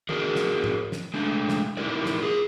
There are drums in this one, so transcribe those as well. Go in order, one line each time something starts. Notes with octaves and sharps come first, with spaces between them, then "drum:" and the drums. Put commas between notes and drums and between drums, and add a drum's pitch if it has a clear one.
D4 F#4 G#4 A#4, drum: tom D#3
drum: snare
drum: tom G#2
drum: snare
G#3 A3 D4
drum: snare
D#4 E4 G4 A#4 D5, drum: tom
drum: snare
F4 G#4